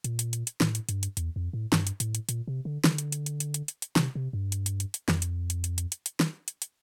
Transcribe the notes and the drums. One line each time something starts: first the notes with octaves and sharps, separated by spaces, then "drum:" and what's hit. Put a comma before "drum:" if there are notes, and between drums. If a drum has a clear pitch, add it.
A#2, drum: hi-hat
drum: hi-hat
drum: hi-hat
drum: hi-hat
A2, drum: snare
drum: hi-hat
G2, drum: hi-hat
drum: hi-hat
E2, drum: hi-hat
F2
A2
G2, drum: snare
drum: hi-hat
A2, drum: hi-hat
drum: hi-hat
A#2, drum: hi-hat
C3
D3
D3, drum: snare
drum: hi-hat
drum: hi-hat
drum: hi-hat
drum: hi-hat
drum: hi-hat
drum: hi-hat
drum: hi-hat
C3, drum: snare
C3
G2
drum: hi-hat
drum: hi-hat
drum: hi-hat
drum: hi-hat
F2, drum: snare
drum: hi-hat
drum: hi-hat
drum: hi-hat
drum: hi-hat
drum: hi-hat
drum: hi-hat
drum: snare
drum: hi-hat
drum: hi-hat